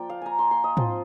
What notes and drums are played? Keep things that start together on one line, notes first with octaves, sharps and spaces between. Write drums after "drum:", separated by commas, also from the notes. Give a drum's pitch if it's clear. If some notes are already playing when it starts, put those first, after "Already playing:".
Already playing: F3 A#3 F4 D5 G5
F5
G#5 A#5
C6
C6
D#5
F3 C4 F4, drum: tom